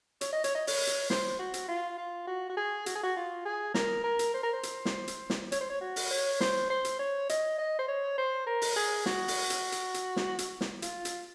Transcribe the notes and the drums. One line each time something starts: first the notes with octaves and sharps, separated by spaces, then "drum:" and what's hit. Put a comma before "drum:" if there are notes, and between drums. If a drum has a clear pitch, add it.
C#5, drum: hi-hat
D#5
C#5, drum: hi-hat
D#5
C#5, drum: open hi-hat
drum: hi-hat
C5, drum: snare
F#4
drum: hi-hat
F4
F4
F#4
F#4
G#4
F#4, drum: hi-hat
G#4
F#4
F4
G#4
A#4, drum: snare
A#4
drum: hi-hat
C5
A#4
C5
drum: hi-hat
drum: snare
drum: hi-hat
drum: snare
C#5, drum: hi-hat
C5
C#5
F#4
drum: open hi-hat
C#5
C5, drum: snare
C5
drum: hi-hat
C#5
D#5, drum: hi-hat
D#5
C5
C#5
C5
A#4
drum: open hi-hat
G#4
F#4, drum: snare
drum: open hi-hat
drum: hi-hat
drum: hi-hat
drum: hi-hat
drum: snare
drum: hi-hat
drum: snare
F4, drum: hi-hat
drum: hi-hat